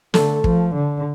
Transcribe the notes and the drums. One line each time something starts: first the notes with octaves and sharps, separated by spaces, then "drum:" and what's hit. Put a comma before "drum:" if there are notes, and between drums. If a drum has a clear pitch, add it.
D3 A3 A4, drum: snare
F3, drum: kick
D3